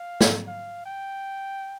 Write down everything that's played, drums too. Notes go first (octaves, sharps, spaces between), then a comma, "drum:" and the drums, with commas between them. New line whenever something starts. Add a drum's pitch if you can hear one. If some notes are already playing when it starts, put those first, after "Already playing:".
Already playing: F5
drum: snare
F5
G5